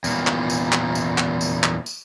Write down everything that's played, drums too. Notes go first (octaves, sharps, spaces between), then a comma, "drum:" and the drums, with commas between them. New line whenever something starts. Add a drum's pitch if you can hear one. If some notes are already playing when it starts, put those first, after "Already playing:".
E2 A#2, drum: tambourine
drum: clap
drum: tambourine
drum: clap
drum: tambourine
drum: clap
drum: tambourine
drum: clap
drum: tambourine